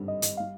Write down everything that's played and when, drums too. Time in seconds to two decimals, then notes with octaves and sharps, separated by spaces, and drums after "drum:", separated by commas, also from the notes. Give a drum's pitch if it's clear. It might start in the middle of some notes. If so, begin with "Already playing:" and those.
Already playing: G#1 G2 D3 G3 C4
0.08 D#5
0.22 drum: hi-hat
0.37 G3 F5